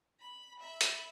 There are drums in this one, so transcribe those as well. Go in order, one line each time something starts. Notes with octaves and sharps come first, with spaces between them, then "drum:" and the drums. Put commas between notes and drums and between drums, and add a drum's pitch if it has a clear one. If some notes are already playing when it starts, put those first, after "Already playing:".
B5
E5 B5
drum: hi-hat